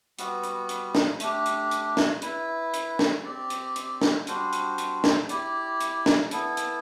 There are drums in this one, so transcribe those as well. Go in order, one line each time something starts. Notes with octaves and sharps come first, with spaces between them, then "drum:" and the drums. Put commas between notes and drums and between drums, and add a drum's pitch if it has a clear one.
G3 B3 F#4 B4, drum: hi-hat
drum: hi-hat
drum: hi-hat
drum: snare
A3 D4 G4, drum: hi-hat
drum: hi-hat
drum: hi-hat
drum: snare
E4 B4 E5, drum: hi-hat
drum: hi-hat
drum: snare
C4 G4 D5
drum: hi-hat
drum: hi-hat
drum: snare
G3 D4 F#4 C5, drum: hi-hat
drum: hi-hat
drum: hi-hat
drum: snare
E4 G4 D5, drum: hi-hat
drum: hi-hat
drum: snare
B3 E4 A4, drum: hi-hat
drum: hi-hat